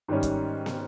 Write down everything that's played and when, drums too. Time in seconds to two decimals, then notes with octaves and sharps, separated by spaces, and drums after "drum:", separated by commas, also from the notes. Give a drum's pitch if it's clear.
0.08 G#2 D#3 G3 C#4
0.23 drum: kick, hi-hat
0.66 drum: snare